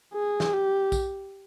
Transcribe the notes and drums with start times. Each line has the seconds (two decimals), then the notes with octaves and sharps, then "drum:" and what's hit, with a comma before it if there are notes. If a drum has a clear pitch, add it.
0.13 G#4
0.40 drum: snare
0.54 G4
0.92 drum: kick A#1, tambourine